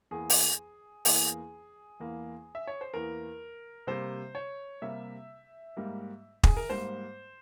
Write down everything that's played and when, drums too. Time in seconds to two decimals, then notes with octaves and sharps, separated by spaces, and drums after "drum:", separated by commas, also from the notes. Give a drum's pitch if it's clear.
0.11 E2 E3 A#3 G#4
0.30 drum: open hi-hat
1.05 E2 E3 A#3 G#4, drum: open hi-hat
2.00 E2 E3 A#3
2.55 E5
2.67 C#5
2.81 C5
2.94 E2 E3 A#3 A#4
3.87 C3 G3 A#3 C5
4.35 C#5
4.82 C3 G3 A#3 E5
5.77 G#2 G3 A#3
6.43 G#4, drum: kick
6.57 A#4
6.70 G#2 G3 A#3 C5